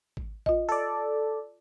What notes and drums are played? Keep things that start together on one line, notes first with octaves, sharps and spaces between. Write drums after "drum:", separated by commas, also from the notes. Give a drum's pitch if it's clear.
drum: kick G#1
F4 D#5, drum: kick G#1
A4 D5